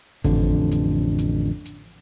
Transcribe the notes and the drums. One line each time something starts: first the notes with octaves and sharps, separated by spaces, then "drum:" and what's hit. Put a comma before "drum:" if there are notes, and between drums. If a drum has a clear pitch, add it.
A1 F2 D3, drum: kick G#1, open hi-hat
drum: hi-hat
drum: hi-hat
drum: hi-hat